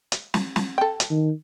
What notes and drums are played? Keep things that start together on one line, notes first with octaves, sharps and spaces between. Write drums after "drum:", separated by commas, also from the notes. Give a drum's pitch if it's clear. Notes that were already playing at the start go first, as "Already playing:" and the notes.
drum: hi-hat
drum: snare
drum: snare
A4 G5
drum: hi-hat
D#3